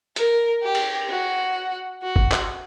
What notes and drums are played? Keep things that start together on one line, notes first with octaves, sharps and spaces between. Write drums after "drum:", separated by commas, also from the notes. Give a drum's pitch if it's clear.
A#4, drum: hi-hat
G4
drum: cymbal
F#4
F#4
drum: kick
drum: clap